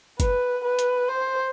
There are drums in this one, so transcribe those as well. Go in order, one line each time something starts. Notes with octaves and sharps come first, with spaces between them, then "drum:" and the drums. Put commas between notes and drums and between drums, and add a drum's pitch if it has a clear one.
B4, drum: kick G1, hi-hat
B4
drum: hi-hat
C5